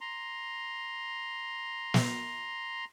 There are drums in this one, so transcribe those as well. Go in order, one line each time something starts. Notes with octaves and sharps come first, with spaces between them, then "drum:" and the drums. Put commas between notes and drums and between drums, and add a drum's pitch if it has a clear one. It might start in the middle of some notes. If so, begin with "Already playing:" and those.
A#5 C6
drum: snare